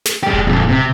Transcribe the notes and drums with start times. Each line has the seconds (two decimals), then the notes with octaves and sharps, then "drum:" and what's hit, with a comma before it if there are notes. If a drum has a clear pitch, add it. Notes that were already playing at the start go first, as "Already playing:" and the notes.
0.05 drum: snare
0.23 G#3 G4
0.33 drum: kick D#1
0.47 F2 A#2
0.68 C3